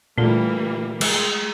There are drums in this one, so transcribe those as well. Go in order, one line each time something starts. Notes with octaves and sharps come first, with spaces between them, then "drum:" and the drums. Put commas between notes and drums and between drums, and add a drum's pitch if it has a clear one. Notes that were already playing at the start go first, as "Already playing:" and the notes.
A#2 D3 E3 G3 A3 A#3 F4
G#3, drum: cymbal